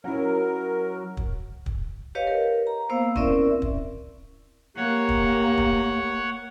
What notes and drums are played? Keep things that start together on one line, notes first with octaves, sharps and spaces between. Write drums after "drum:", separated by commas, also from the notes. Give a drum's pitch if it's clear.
F#3 C#4 E4 A#4
drum: kick
drum: kick
G4 B4 C#5 D#5 F5
A#4
A#5
A#3 B3 C5 F5 E6
C4 C#4 E4 A#4 D5 E5, drum: kick
drum: kick
A#3 G4 C#5 F#5
drum: kick
drum: kick